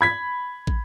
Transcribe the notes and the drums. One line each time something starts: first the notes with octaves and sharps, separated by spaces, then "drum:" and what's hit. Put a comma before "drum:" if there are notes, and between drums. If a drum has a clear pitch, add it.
B5 G#6 B6
drum: kick